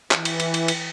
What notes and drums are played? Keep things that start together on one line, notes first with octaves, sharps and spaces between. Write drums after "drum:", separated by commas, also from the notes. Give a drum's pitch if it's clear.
E3, drum: clap
drum: cymbal
drum: cymbal
drum: cymbal
drum: cymbal